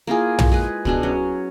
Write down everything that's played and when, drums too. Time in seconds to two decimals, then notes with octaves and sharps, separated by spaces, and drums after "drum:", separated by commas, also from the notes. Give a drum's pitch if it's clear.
0.07 A#3 E4 F4 G#4
0.39 drum: tom
0.52 G#3 G#4 B4
0.85 B2 D4 G#4, drum: kick
1.03 F#3 C#4